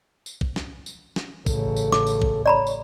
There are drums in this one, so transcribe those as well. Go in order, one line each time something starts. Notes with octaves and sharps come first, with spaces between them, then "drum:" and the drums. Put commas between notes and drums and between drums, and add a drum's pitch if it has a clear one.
drum: tambourine
drum: kick
drum: snare
drum: tambourine
drum: snare
A1 C#3 A4, drum: kick, tambourine
drum: tambourine
D6, drum: snare
drum: tambourine
drum: kick
C#5 D5 A#5 B5
drum: tambourine